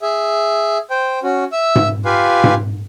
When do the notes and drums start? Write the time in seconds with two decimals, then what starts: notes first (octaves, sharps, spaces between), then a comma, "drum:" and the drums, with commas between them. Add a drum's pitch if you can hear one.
0.02 G#4 E5
0.90 C5 G5
1.23 C#4 F#4
1.52 E5 E6
1.75 drum: tom G#2
2.05 F4 G4 B4 F5 G#5
2.44 drum: tom G#2